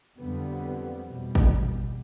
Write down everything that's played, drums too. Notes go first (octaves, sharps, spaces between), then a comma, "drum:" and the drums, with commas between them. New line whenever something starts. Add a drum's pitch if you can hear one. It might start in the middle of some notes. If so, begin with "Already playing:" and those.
F2 D3 G3 B3
E2 B2 G3
drum: kick G#1